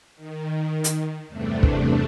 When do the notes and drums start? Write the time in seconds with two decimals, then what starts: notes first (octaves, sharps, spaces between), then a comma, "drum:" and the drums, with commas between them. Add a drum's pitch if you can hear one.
0.16 D#3
0.84 drum: hi-hat
1.28 E2 G2 C3 A3 D4
1.63 drum: kick